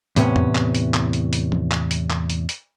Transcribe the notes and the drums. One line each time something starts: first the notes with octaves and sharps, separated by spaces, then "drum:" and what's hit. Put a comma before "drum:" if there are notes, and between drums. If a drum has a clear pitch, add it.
E2 A2 C3 B3 C#4, drum: hi-hat
drum: tom
drum: clap
drum: hi-hat
drum: clap
drum: hi-hat
drum: hi-hat
drum: tom
drum: clap
drum: hi-hat
drum: clap
drum: hi-hat
drum: hi-hat